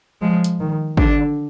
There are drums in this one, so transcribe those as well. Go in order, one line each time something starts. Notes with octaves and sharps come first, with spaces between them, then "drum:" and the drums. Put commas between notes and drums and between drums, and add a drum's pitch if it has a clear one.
F3 G#3
drum: hi-hat
D#3
D3 D4, drum: kick